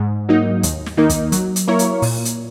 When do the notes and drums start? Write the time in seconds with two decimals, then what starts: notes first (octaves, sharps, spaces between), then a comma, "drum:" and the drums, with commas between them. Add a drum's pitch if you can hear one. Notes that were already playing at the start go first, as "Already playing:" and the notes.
Already playing: G#2
0.29 F#3 A#3 D#4
0.63 D#2, drum: hi-hat
0.86 drum: snare
0.97 D#3 A#3 D#4
1.10 drum: kick, hi-hat
1.32 F#3, drum: hi-hat
1.56 drum: hi-hat
1.68 A#3 E4 A#4 C#5
1.79 drum: hi-hat
2.02 A#2, drum: open hi-hat
2.25 drum: hi-hat